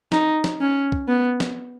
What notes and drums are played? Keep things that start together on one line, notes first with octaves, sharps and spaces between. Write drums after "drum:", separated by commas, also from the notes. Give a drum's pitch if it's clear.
D#4, drum: snare
drum: snare
C#4
drum: kick
B3
drum: snare